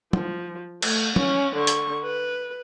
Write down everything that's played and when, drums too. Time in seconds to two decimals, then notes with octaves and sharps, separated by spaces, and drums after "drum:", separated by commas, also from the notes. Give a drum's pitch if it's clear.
0.13 F3, drum: tom
0.82 A3, drum: cymbal
1.16 C#4, drum: tom
1.56 D3 C#6
1.67 drum: hi-hat
2.04 B4